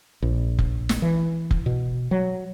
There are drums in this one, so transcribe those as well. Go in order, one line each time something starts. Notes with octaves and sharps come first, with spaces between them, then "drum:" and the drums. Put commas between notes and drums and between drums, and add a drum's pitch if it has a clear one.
A#1
drum: kick F1
drum: snare
E3
drum: kick F1
B2
F#3